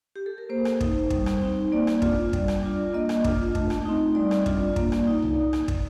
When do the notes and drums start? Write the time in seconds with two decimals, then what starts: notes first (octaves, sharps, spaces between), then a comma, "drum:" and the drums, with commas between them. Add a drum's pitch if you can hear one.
0.16 G4
0.26 A4
0.38 A#4
0.49 A#3 C5
0.65 drum: rim click
0.81 D#4, drum: kick
1.10 G3, drum: kick
1.26 drum: rim click
1.41 C4 D#4
1.72 A#3 D5
1.87 drum: rim click
2.02 D4 F4, drum: kick
2.33 G3, drum: kick
2.48 drum: rim click
2.63 D4 F4
2.94 A#3 D#5
3.09 drum: rim click
3.24 D4 F4, drum: kick
3.55 A3, drum: kick
3.70 drum: rim click
3.85 C4 D#4
4.15 G3 D5
4.31 drum: rim click
4.46 D4 F4, drum: kick
4.76 A#3, drum: kick
4.92 drum: rim click
5.07 D#4
5.22 drum: tom C2
5.53 drum: rim click
5.68 drum: kick